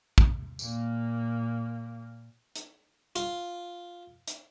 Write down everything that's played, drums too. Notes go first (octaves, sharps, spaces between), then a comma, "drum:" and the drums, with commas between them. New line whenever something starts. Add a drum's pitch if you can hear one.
drum: kick
A#2 A#3, drum: tambourine
drum: hi-hat
F4, drum: hi-hat
drum: hi-hat